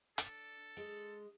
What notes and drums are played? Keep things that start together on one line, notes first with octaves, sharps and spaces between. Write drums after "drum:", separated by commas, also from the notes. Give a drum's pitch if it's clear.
D4 A4, drum: hi-hat
G#3